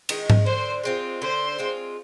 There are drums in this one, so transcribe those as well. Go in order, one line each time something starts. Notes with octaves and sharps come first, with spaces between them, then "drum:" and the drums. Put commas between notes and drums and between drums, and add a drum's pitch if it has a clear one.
D#3 G#3 D#4, drum: cymbal
drum: tom G#2
D3 C5
G#3 C4 F4
D3 C5
G#3 C4 F4